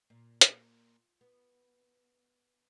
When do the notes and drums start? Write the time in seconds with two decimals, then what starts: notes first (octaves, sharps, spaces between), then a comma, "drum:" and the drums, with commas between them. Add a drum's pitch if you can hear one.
0.10 A#2
0.41 drum: hi-hat
1.21 B3